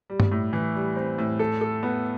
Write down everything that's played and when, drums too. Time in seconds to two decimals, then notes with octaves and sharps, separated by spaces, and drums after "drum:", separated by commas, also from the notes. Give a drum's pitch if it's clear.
0.10 G3
0.20 drum: tom G2
0.32 A2
0.53 E3
0.75 G3
0.96 C4
1.18 A2
1.39 A4
1.61 A4
1.83 B3